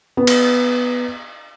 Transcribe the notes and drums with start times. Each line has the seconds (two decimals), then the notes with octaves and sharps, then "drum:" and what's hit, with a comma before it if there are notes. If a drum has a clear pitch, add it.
0.17 B3
0.27 drum: cymbal